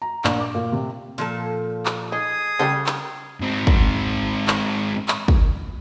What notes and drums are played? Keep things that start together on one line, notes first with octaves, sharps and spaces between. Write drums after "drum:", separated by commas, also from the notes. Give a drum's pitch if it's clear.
A#5
A#1, drum: clap
D6
A#2
C3
A#2 F3 A4
drum: clap
D#4 G#4 D#6
C#3 G3 G4 A4
drum: clap
G#2 C4
drum: kick
drum: clap
drum: clap
drum: kick